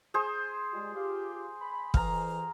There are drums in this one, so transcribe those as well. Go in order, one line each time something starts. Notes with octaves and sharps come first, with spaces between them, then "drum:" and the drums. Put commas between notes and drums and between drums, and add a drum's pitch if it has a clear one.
G#4 C5
G3 G#3 F4
F4 G4
B5
F2 E3 F5 A#5, drum: kick